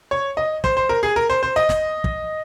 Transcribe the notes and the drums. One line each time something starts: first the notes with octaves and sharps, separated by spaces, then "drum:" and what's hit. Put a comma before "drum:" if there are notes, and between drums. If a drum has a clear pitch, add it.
C#5
D#5
C5, drum: kick
C5
A#4
G#4
A#4
C5
C5
D#5
drum: snare
drum: kick